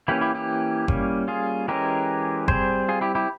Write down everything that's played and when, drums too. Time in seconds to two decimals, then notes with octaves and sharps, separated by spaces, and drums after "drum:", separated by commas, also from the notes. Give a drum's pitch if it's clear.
0.08 E3 A#3 C#4 E4 G4
0.21 E4 G4
0.35 E4 G4
0.88 G3 A#3 C#4, drum: kick F#1
1.28 F4 G#4
1.68 E3 G#3 C#4 G4 A#4
2.48 G3 C4 G#4 C5, drum: kick F#1
2.88 F4 G#4
3.01 E4 G4
3.15 E4 G4